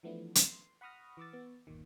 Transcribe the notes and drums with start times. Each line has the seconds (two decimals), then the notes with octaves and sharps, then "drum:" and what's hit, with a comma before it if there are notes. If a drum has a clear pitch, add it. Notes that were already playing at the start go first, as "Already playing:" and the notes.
0.03 E3 F3 A3 B3 D4 E4
0.35 C6, drum: hi-hat
0.81 F#5 B5 C#6 D#6 F6 A#6
1.17 E3 C#6 D6 E6 A6
1.33 B3
1.67 G1 D#2 A#2 D#3